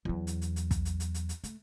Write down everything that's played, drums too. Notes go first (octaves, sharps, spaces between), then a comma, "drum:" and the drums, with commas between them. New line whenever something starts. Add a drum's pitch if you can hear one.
E2 F#3
drum: hi-hat
drum: hi-hat
drum: hi-hat
drum: kick, hi-hat
drum: hi-hat
drum: hi-hat
drum: hi-hat
drum: hi-hat
A3, drum: hi-hat